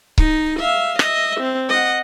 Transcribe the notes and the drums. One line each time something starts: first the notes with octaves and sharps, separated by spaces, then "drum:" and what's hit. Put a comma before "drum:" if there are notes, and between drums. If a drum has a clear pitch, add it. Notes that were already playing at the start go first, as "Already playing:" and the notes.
D#4, drum: kick C#1
E5 F5
D#5 E5, drum: rim click
C4
D#5 F#5